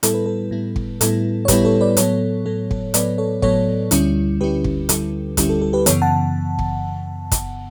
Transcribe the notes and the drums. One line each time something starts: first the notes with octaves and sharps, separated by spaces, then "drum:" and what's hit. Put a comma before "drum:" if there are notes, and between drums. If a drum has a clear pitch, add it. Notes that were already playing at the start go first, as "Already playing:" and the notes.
A2 G3 B3 E4 A4, drum: hi-hat
B4
A4
A2 G3 B3 E4
drum: kick
A2 G3 B3 E4 A4, drum: hi-hat
C#5
A2 G3 B3 E4 G4 B4, drum: kick, hi-hat
A4 C#5
B4 D5
A2 F#3 B3 A4 C#5, drum: hi-hat
A2 F#3 B3 A4
A4, drum: kick
A2 F#3 B3 B4 D5, drum: hi-hat
A4 C#5
A2 F#3 B3 A4 C#5, drum: kick
D2 D3 G3 C#4 E4, drum: hi-hat
D2 D3 G3 C#4 E4 G4 B4
drum: kick
D2 D3 G3 C#4 E4 A4, drum: hi-hat
D2 D3 G3 C#4 E4 G4, drum: kick, hi-hat
A4
A4
G4 B4
F#2 C#3 E3 B3 A4 C#5, drum: hi-hat
F#5 A5
drum: kick
drum: kick, hi-hat